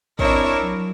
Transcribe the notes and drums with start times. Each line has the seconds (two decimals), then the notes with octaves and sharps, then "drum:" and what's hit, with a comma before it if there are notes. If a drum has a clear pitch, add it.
0.19 C4 D4 E4 A#4 C#5 D#5, drum: kick
0.59 F#3